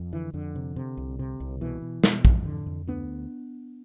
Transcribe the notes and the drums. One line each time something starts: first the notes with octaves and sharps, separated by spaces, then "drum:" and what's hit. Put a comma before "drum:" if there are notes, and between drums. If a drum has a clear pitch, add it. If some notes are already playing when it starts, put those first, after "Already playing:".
Already playing: F2
D3 E3
F2 D3
C3
C3
C2
C3
C2
B2 E3
B2
B2, drum: snare
F2, drum: kick
D3
F2
D2 B3 D4